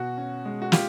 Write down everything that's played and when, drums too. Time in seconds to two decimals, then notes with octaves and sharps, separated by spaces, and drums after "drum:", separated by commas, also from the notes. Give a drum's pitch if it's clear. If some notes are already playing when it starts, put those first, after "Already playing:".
Already playing: B2 F#4
0.18 C#4
0.45 G#3
0.62 F#4
0.72 F4 G4, drum: snare